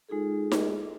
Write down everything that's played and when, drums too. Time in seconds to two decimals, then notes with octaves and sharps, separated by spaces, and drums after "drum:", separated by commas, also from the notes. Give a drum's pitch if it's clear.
0.09 G#3 D#4 F4 G#4 A4
0.52 drum: snare D#4